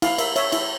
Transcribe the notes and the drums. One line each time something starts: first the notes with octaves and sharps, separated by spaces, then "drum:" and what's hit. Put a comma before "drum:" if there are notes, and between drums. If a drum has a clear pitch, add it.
E4 F5, drum: cymbal
A#4 E5, drum: cymbal
C#5 E5, drum: cymbal
E4 E5, drum: cymbal